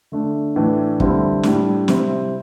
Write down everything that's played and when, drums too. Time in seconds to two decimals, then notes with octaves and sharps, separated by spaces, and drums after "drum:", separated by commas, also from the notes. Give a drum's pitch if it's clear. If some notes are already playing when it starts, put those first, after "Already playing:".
0.12 D3 A3 D4
0.56 A2 E3 A3 D4
1.00 D3 G3 C4 E4, drum: kick
1.43 A2 G3 D4, drum: snare
1.88 C3 G3 C4 E4, drum: snare